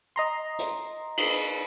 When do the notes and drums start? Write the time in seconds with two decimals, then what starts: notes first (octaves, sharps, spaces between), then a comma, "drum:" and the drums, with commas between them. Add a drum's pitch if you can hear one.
0.16 D#5 A#5 C6
0.59 drum: hi-hat
1.17 drum: cymbal